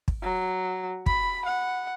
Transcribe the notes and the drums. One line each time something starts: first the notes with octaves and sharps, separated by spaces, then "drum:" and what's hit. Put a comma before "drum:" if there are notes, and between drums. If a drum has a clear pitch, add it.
drum: kick
F#3
B5, drum: kick
F#5